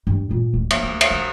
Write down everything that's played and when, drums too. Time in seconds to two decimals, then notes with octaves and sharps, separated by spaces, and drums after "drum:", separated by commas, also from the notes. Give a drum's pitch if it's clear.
0.07 G2
0.31 A#2
0.54 D1
0.70 A#3, drum: cymbal
0.83 D2
1.01 drum: cymbal
1.11 B1